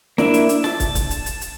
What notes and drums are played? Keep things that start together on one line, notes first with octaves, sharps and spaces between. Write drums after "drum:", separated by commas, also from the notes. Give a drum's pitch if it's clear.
A#3 D4 E4 E5, drum: snare
drum: hi-hat
drum: hi-hat
A5, drum: snare
drum: kick, hi-hat
drum: kick, hi-hat
drum: hi-hat
drum: hi-hat
drum: hi-hat